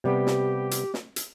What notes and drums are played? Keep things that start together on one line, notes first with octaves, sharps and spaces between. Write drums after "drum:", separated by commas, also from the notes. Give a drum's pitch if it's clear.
C3 G3 B3 G4
drum: snare
drum: hi-hat
drum: snare
drum: hi-hat